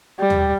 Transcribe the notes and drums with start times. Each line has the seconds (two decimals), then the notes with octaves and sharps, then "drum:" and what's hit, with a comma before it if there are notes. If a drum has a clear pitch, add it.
0.19 G3
0.30 drum: tom